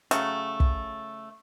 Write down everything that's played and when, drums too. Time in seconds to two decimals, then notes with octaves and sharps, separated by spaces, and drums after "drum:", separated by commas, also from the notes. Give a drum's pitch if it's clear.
0.11 C#3 F#3 A3, drum: hi-hat
0.60 drum: kick